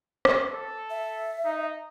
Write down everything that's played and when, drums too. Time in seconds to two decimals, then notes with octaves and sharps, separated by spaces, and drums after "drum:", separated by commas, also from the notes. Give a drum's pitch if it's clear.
0.25 drum: rim click
0.52 A4
0.90 E5
1.45 D#4